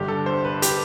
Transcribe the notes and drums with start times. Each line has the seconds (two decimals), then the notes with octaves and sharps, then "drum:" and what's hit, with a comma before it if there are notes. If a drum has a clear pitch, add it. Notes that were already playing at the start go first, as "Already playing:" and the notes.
Already playing: G1 G2 D3 G4
0.08 A4
0.26 C5
0.44 B4
0.62 G4, drum: hi-hat